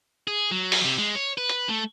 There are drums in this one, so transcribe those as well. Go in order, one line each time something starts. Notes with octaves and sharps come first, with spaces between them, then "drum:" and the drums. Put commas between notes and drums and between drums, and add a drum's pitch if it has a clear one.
G#4
F#3
drum: open hi-hat
C3
G#3
C#5
B4
drum: hi-hat
A3